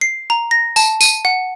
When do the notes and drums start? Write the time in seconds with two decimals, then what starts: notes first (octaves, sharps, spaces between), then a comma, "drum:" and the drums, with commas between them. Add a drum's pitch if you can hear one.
0.01 C7
0.30 A#5
0.51 A#6
0.76 A5, drum: tambourine
1.01 D#7, drum: tambourine
1.25 F#5